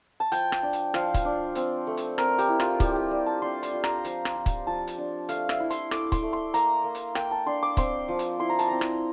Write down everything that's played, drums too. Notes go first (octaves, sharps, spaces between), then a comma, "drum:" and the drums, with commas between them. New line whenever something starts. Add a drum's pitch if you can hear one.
A5
F3 G5, drum: hi-hat
drum: rim click
D4
drum: hi-hat
F3 F5, drum: rim click
drum: kick, hi-hat
D4
C4, drum: hi-hat
A3
drum: hi-hat
C4 A#4, drum: rim click
G4, drum: hi-hat
E4
F4, drum: rim click
G3 G4, drum: kick, hi-hat
G4
G3
A5
D4 C6
C6, drum: hi-hat
F4
A#5, drum: rim click
F3, drum: hi-hat
drum: rim click
F4
drum: kick, hi-hat
F3 A5
drum: hi-hat
D4
A3 F5, drum: hi-hat
E5, drum: rim click
E4
C6, drum: hi-hat
A3 D6, drum: rim click
C6, drum: kick, hi-hat
A3
C6
A#3 A#5, drum: hi-hat
A#3
drum: hi-hat
A#3 G5, drum: rim click
A5
D4 C6
D6
C4 C6, drum: kick, hi-hat
F3
drum: hi-hat
E4 C6
A#5
A5, drum: hi-hat
C4 A#5
drum: rim click